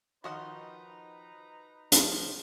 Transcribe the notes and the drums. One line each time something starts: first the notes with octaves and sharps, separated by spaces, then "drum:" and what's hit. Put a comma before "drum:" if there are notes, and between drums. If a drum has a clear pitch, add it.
D#3 F3 D#4 F#4 B4 D#5 F#5 A#5
F3 A#3, drum: hi-hat